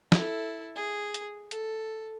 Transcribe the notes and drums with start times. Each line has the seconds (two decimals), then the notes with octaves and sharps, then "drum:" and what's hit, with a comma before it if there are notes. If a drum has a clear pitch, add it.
0.12 E4 A4, drum: snare
0.76 G#4
1.14 drum: hi-hat
1.51 A4, drum: hi-hat